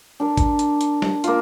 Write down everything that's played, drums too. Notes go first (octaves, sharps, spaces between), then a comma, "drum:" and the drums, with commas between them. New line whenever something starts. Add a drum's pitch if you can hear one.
D4 A#4
drum: kick G#1, hi-hat
drum: hi-hat
drum: hi-hat
drum: snare
A#3 F4, drum: hi-hat